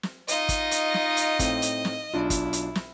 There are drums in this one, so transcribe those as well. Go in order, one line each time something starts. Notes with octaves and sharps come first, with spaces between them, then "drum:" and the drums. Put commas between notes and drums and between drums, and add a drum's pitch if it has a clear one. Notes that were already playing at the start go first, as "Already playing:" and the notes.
drum: snare
D#4 F4 D#5, drum: hi-hat
drum: kick, hi-hat
drum: hi-hat
drum: snare
drum: hi-hat
A2 C4, drum: kick, hi-hat
drum: hi-hat
drum: snare
B1 D4 E4 F4
drum: kick, hi-hat
drum: hi-hat
drum: snare